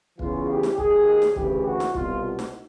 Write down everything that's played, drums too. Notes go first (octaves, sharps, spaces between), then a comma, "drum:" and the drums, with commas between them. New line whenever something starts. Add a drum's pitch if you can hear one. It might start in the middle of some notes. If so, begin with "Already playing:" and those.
E2 C#3 E3 F4, drum: kick
G4
drum: snare
D#2 D#3 G#4, drum: kick
drum: snare
D2 C#3 E3 G4, drum: kick
F#4
drum: snare
C2 B2 F4, drum: kick
F#4
drum: snare